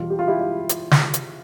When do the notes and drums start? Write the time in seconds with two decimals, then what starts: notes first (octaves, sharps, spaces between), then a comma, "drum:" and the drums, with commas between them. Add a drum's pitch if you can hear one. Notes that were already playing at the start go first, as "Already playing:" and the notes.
Already playing: E2 B2 G3 F4
0.10 G4
0.19 F4
0.28 E4 G4
0.40 E4
0.69 drum: hi-hat
0.91 drum: snare
1.14 drum: hi-hat